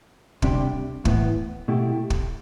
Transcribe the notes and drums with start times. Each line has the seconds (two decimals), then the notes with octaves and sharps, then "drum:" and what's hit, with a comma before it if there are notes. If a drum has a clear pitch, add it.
0.42 D2 C3 G3 D4 G4, drum: kick
1.05 A2 E3 B3, drum: kick
1.68 B2 A3 E4 G4
2.10 drum: kick